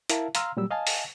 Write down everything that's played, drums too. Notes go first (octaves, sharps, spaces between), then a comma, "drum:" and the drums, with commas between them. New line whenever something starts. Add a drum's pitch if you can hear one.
E4 A#4 E5 F5 A5, drum: hi-hat
F5 A#5 C6 E6 F6, drum: hi-hat
A#2 F#3 G3 G4 E6
D#5 F5 G#5 A5
drum: open hi-hat